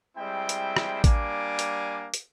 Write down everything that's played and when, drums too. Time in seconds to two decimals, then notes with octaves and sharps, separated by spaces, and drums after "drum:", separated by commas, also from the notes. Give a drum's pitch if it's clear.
0.17 G3 G#3 C4 E4 E5 G5
0.49 drum: hi-hat
0.77 drum: rim click
1.04 G3 A#3 D4 G#5 D6, drum: kick A1, hi-hat
1.59 drum: hi-hat
2.14 drum: hi-hat